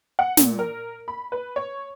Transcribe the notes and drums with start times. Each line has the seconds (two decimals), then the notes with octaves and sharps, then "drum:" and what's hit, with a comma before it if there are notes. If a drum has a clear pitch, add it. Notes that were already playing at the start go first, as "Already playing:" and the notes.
0.19 F#5
0.37 A#2, drum: snare
0.59 A#4
1.08 B5
1.32 B4
1.56 C#5